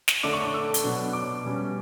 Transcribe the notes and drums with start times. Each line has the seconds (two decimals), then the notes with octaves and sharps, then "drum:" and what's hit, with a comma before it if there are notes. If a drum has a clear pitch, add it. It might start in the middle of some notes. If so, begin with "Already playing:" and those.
0.08 drum: snare
0.23 D3 A3 D4 D6
0.33 C#6
0.44 D6
0.54 E6
0.74 drum: hi-hat
0.84 B2 F#3 B3 D4
1.13 D6
1.44 B2 G3 C#4